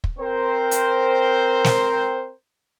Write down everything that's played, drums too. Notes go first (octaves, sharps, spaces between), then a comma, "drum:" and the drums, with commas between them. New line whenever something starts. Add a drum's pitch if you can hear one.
drum: kick
C4 A#4 C5
drum: hi-hat
drum: snare